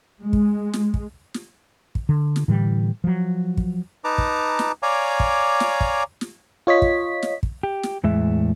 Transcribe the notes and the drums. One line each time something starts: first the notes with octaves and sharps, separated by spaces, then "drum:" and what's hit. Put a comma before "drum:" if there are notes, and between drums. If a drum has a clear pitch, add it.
G#3
drum: kick
drum: snare
drum: kick
drum: snare
drum: kick
D3
drum: snare
A2 D3 E3 G3
F3 F#3
drum: kick
D#4 B4 A5 A#5 D6
drum: kick
drum: snare
C#5 D5 F5 G#5 A#5 D6
drum: kick
drum: snare
drum: kick
drum: snare
F4 C#5 D#5 B6
drum: kick
drum: snare
drum: kick
G4
drum: snare
E2 A2 G#3 E5